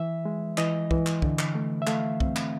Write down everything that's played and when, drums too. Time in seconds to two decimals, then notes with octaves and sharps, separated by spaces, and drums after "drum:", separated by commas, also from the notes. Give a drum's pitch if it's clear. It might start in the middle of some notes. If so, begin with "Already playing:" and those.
Already playing: E3 E5
0.25 G#3
0.58 E3 D#5, drum: clap
0.91 E3, drum: kick
1.06 drum: clap
1.22 D3, drum: kick
1.39 drum: clap
1.55 A3
1.82 E5
1.87 A3 F5, drum: clap
2.20 C4, drum: kick
2.36 drum: clap